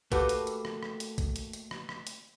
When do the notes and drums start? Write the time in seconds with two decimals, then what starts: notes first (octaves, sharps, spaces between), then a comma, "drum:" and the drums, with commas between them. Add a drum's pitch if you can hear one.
0.12 A3 A#3 F#4 G4 A4 B4, drum: kick, hi-hat
0.29 drum: hi-hat
0.47 drum: hi-hat
0.65 drum: rim click
0.83 drum: rim click
1.00 drum: hi-hat
1.18 drum: kick, hi-hat
1.36 drum: hi-hat
1.53 drum: hi-hat
1.71 drum: rim click
1.89 drum: rim click
2.07 drum: hi-hat